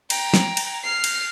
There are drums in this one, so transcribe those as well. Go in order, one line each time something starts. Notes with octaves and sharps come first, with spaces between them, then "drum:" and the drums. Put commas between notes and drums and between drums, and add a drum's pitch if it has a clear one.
G5 A#5, drum: cymbal
drum: snare
drum: cymbal
F6 C7
drum: cymbal